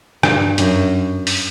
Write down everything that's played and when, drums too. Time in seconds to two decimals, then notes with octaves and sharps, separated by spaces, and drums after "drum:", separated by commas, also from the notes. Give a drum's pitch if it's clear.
0.23 G2, drum: rim click
0.58 F#2, drum: hi-hat
1.27 drum: open hi-hat